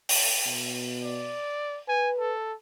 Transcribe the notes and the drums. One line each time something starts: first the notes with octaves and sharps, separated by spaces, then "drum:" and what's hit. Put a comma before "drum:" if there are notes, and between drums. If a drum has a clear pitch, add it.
drum: open hi-hat
B2
D5
B4 G#5
A4